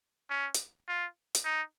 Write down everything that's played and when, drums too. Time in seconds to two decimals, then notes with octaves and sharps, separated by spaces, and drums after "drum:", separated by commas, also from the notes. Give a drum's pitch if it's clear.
0.30 C#4
0.54 drum: hi-hat
0.88 F4
1.35 drum: hi-hat
1.45 D#4